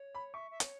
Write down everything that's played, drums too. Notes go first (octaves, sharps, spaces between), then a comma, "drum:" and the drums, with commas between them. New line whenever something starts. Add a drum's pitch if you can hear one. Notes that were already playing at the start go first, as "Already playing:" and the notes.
Already playing: C#5
B5
E5 C#6
E5
C#5, drum: hi-hat